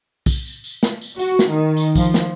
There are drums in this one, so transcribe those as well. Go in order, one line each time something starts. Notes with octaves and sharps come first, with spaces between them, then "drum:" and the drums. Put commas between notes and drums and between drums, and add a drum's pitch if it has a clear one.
drum: kick, tambourine
drum: tambourine
drum: tambourine
drum: snare
drum: tambourine
F#4, drum: tambourine
drum: snare
D#3
drum: tambourine
F3, drum: kick, tambourine
drum: snare